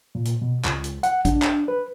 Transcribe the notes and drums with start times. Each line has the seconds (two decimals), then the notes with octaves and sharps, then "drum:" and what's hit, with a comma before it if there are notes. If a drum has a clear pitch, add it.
0.15 A#2
0.25 drum: hi-hat
0.42 B2
0.65 C#2, drum: clap
0.84 drum: hi-hat
1.03 F#5, drum: hi-hat
1.25 D4, drum: kick, hi-hat
1.42 drum: clap
1.68 B4